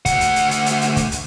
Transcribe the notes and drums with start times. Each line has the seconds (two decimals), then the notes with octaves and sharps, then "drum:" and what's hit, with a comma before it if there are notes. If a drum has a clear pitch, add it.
0.06 D2 F#5, drum: kick, hi-hat
0.21 drum: hi-hat
0.36 drum: hi-hat
0.51 drum: hi-hat
0.66 drum: hi-hat
0.81 drum: hi-hat
0.97 drum: kick, hi-hat
1.12 drum: hi-hat